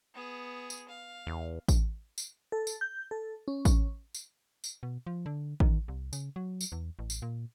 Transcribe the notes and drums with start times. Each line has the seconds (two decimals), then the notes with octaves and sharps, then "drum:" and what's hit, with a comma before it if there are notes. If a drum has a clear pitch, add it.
0.14 B3 G#4
0.70 drum: tambourine
0.89 F5
1.27 E2
1.68 drum: kick A1, tambourine
2.18 drum: tambourine
2.52 A4
2.67 drum: tambourine
2.81 G6
3.11 A4
3.48 C#4
3.65 drum: kick A1, tambourine
4.14 drum: tambourine
4.64 drum: tambourine
4.83 B2
5.07 F3
5.26 D3
5.60 D#3, drum: kick A1
5.88 C2
6.13 C#3, drum: tambourine
6.36 F#3
6.61 drum: tambourine
6.72 E2
6.99 A1
7.10 drum: tambourine
7.22 A#2